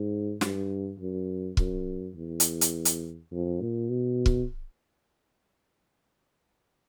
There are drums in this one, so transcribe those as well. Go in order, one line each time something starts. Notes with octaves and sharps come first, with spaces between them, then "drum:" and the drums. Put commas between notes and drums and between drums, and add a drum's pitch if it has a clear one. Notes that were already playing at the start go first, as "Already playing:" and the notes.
Already playing: G#2
G2, drum: snare
F#2
F#2, drum: kick
E2
drum: hi-hat
drum: hi-hat
drum: hi-hat
F2
A#2
B2
drum: kick